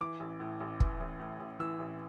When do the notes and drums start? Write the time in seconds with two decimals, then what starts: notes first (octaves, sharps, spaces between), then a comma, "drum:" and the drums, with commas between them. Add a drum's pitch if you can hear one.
0.01 E3 D6
0.20 A1
0.40 A2
0.61 A1
0.80 E3, drum: kick
1.00 A1
1.20 A2
1.40 A1
1.59 E3 E6
1.79 A1